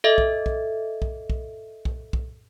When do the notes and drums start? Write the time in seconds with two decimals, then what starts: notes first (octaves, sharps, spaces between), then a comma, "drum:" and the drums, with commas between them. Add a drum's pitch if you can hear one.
0.04 A4 D#5 E5
0.18 drum: kick
0.46 drum: kick
1.02 drum: kick
1.30 drum: kick
1.85 drum: kick
2.13 drum: kick